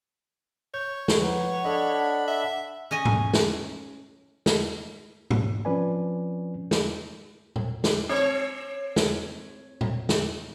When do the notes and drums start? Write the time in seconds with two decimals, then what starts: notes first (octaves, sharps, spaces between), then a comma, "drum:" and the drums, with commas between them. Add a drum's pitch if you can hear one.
0.74 C#5 G6
1.08 drum: snare
1.20 F3 B4 F#5 A#5
1.65 D4 A4 D#5 B5
2.28 E5
2.91 C#4 D#5 G#5
3.05 drum: tom G#2
3.33 drum: snare
4.46 drum: snare
5.30 drum: tom G#2
5.65 F3 C4 C#4 B4 D5 G#5
6.71 drum: snare
7.56 drum: tom A#2
7.84 drum: snare
8.09 C4 C#5
8.96 drum: snare
9.81 drum: tom A#2
10.09 drum: snare